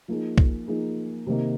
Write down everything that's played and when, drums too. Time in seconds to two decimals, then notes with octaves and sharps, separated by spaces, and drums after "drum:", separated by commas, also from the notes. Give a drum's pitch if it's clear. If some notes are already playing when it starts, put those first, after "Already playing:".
0.08 F3 A#3 D#4 G#4
0.38 drum: kick
0.68 F3 A#3 D#4 G#4
1.27 C3 D#3 A#3